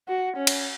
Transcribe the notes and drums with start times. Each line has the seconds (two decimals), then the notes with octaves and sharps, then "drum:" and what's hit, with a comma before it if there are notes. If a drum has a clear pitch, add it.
0.08 F#4
0.37 C#4
0.47 drum: cymbal